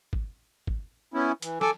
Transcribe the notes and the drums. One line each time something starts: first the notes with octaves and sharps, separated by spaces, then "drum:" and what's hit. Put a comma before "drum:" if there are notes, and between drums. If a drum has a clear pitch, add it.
drum: kick
drum: kick
B3 C#4 E4
E3, drum: hi-hat
A4 G#5 D6 E6, drum: snare